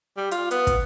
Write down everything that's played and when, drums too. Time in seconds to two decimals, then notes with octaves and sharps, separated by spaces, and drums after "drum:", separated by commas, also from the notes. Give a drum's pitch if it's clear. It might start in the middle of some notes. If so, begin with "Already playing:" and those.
0.17 G3
0.31 F4, drum: hi-hat
0.51 B3, drum: hi-hat
0.67 drum: kick, hi-hat